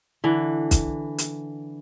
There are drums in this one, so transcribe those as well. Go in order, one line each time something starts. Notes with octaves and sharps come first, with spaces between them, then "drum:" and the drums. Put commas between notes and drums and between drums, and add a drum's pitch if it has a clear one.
D3 E3
drum: kick, hi-hat
drum: hi-hat